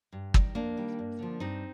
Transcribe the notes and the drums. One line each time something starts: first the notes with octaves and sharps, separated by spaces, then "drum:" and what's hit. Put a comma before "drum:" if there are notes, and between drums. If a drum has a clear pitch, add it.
G2
D#3 G3, drum: kick
F2 A#3 D4
D#3 G3
G2
D3 F3
G2 C4 D#4